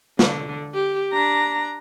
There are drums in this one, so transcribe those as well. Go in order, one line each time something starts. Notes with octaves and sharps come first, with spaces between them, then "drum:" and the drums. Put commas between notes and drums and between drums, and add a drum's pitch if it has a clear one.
D3, drum: snare
G4
D4 A#5